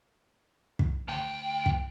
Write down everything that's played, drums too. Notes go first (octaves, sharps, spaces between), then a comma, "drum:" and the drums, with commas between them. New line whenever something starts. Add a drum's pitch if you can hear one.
drum: kick
D2 G5
drum: kick